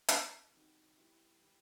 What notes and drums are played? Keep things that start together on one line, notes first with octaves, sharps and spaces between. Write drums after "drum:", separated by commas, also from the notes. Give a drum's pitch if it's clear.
E3 B3 E4 A4, drum: hi-hat
C3 D#3 G3 D#4 F#4
E3 G3 B3 E4 G4
E3 G3 B3